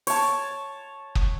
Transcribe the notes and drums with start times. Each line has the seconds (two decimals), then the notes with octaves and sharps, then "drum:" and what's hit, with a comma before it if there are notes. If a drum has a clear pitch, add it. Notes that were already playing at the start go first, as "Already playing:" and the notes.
0.07 C#5 A5, drum: open hi-hat
1.15 drum: kick